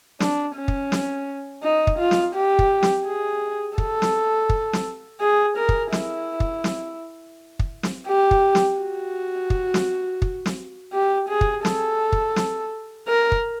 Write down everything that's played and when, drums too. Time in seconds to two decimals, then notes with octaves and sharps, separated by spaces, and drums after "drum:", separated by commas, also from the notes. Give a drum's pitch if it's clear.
0.20 D4, drum: snare
0.55 C#4
0.68 drum: kick
0.92 drum: snare
1.63 D#4
1.87 drum: kick
1.99 F4
2.11 drum: snare
2.35 G4
2.59 drum: kick
2.83 drum: snare
3.06 G#4
3.78 A4, drum: kick
4.02 drum: snare
4.49 drum: kick
4.73 drum: snare
5.21 G#4
5.57 A#4
5.69 drum: kick
5.92 E4, drum: snare
6.40 drum: kick
6.64 drum: snare
7.59 drum: kick
7.83 drum: snare
8.07 G4
8.31 drum: kick
8.55 drum: snare
8.78 F#4
9.50 drum: kick
9.74 drum: snare
10.22 drum: kick
10.46 drum: snare
10.93 G4
11.29 G#4
11.41 drum: kick
11.65 A4, drum: snare
12.12 drum: kick
12.36 drum: snare
13.08 A#4
13.32 drum: kick